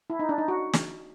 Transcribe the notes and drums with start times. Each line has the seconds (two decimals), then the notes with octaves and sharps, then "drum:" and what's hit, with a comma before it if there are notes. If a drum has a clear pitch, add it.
0.10 E4
0.19 D#4
0.29 D4
0.38 D#4
0.48 F#4
0.73 drum: snare